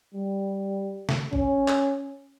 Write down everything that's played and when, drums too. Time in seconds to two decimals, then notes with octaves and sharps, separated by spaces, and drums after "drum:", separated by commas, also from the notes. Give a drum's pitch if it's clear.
0.14 G3
1.09 drum: snare
1.33 C#4, drum: kick G#1
1.68 drum: clap